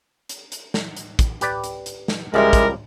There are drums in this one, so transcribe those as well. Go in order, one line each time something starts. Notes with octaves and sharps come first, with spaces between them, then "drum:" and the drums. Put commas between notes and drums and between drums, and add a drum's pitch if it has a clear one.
drum: hi-hat
drum: hi-hat
drum: snare
drum: hi-hat
drum: kick, hi-hat
G4 B4 D5, drum: hi-hat
drum: hi-hat
drum: hi-hat
drum: snare
C#2 F3 G3 G#3 D4 E4 G4 A#4
drum: kick, hi-hat